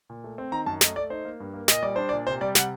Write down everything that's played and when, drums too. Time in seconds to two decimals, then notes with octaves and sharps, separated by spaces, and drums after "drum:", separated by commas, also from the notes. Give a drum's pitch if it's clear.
0.10 A#2
0.24 A3
0.38 C4
0.52 D#3 A#5
0.66 F#2 A5
0.81 A3 D#5, drum: snare
0.96 A3 D5
1.10 D#4 C5
1.25 A#3
1.40 G2
1.54 A#3
1.68 A#2 D#5, drum: snare
1.83 G3 D5
1.96 D4 C5
2.09 D5
2.13 A#2
2.27 C3 C5
2.41 G3 D5
2.55 C3 F#5, drum: snare